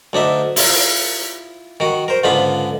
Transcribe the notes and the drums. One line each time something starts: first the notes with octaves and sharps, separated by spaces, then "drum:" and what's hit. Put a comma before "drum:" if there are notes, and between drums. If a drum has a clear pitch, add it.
D2 D4 D#4 E5
E4 F4, drum: open hi-hat
D#3 F#4
A#4 C5
C#2 G#2 D3 B3 F4 B5